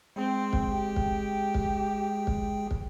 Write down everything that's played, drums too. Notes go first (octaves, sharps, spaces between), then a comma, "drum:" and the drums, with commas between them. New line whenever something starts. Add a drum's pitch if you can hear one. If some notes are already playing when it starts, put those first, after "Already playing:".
G#3 C4 G#4 G5
drum: kick
G4
drum: kick
drum: kick
drum: kick
drum: kick